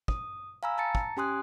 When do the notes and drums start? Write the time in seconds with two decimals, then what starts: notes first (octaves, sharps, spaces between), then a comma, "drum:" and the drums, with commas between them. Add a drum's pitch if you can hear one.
0.08 D#6, drum: kick
0.63 F5 G#5 A#5 B5 E6
0.78 A5 A#5 A6 C#7
0.95 drum: kick
1.17 C#4 G4 G#5 C6 D#6 F#6